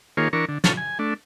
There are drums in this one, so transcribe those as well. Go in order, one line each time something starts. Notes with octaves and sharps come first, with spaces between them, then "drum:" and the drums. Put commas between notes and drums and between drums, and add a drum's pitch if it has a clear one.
D#3 A#3 F4 G#4 C#5
E3 D4 A#4 C#6
D3
F4 A4 C#5, drum: snare
G#5
A3 D4